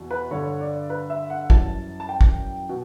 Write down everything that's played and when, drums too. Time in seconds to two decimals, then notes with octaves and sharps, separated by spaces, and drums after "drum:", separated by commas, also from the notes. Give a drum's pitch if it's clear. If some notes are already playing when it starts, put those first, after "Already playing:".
Already playing: E2 B2
0.11 B4
0.31 G2 D3 G3 C#5
0.60 D5
0.90 B4
1.10 E5
1.30 F#5
1.50 F#2 E3 G3 A5, drum: kick
2.00 A5
2.09 G5
2.21 drum: kick
2.69 B2